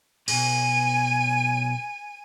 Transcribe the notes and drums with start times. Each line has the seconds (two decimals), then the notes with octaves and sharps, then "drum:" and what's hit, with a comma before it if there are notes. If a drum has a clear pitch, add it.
0.28 B1 G#2 G#5 D#7, drum: cymbal